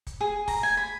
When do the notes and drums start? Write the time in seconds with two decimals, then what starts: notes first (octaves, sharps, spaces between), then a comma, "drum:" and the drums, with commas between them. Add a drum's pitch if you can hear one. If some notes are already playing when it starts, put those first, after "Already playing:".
0.07 drum: kick, hi-hat
0.20 G#4
0.48 A#5, drum: kick, open hi-hat
0.63 G#5
0.77 B5